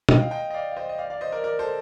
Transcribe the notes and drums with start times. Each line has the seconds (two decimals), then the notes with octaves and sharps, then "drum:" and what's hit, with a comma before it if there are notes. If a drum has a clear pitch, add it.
0.09 D#5 G5, drum: tom
0.21 F5
0.31 D#5 G5
0.50 D#5
0.54 D5 F5
0.71 F5
0.77 C5 D#5
0.89 D#5
0.98 D5 F5
1.10 D5 F5
1.21 C5 D#5
1.32 A#4 D5
1.44 A#4 D5
1.59 A4 C5